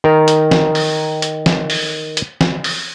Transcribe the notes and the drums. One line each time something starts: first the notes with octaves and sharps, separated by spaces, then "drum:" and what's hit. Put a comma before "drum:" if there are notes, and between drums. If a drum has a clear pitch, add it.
D#3 A#4
drum: hi-hat
drum: snare
drum: open hi-hat
drum: hi-hat
drum: snare
drum: open hi-hat
drum: hi-hat
drum: snare
drum: open hi-hat